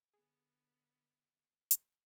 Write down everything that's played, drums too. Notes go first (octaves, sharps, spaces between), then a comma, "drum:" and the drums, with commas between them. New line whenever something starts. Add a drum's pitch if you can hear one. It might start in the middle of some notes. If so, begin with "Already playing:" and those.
D3 B3 G#4
drum: hi-hat